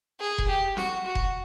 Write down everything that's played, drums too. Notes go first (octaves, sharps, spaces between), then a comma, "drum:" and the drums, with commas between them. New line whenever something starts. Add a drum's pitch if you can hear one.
G#4
drum: kick F1
G4
F#4, drum: snare
F#4
drum: kick F1